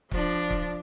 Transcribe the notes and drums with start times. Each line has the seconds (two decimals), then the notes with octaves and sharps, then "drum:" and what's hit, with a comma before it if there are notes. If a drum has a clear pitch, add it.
0.11 F3 D4, drum: kick C#1
0.50 drum: kick C#1